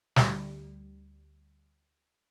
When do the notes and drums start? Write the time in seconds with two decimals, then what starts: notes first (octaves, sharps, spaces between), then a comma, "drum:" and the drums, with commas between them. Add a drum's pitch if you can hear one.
0.16 D2 G3, drum: snare